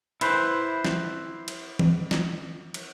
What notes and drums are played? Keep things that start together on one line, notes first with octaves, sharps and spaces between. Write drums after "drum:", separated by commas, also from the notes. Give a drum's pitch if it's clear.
E4 B4 C5, drum: cymbal
drum: snare
drum: cymbal
drum: tom E3
drum: snare
drum: cymbal